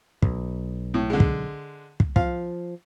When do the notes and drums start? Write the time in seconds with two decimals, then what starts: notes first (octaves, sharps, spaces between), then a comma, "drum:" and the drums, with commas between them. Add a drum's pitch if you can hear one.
0.22 B1, drum: kick
0.94 A2
1.10 D3 G#3
1.20 drum: kick
2.00 drum: kick
2.16 F3 F5, drum: kick